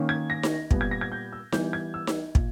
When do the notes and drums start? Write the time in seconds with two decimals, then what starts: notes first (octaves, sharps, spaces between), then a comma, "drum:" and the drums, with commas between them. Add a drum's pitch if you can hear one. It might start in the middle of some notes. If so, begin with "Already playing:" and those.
Already playing: D#3 A#3 C#4
0.09 G#6
0.30 A#6
0.43 drum: snare D#4
0.71 A#2 G3 B3, drum: kick
0.81 G#6
0.91 A#6
1.01 G#6
1.12 G6
1.32 E6
1.52 E3 G3 B3 G6, drum: snare D#4
1.73 G#6
1.94 E6
2.07 drum: snare D#4
2.35 A#2, drum: kick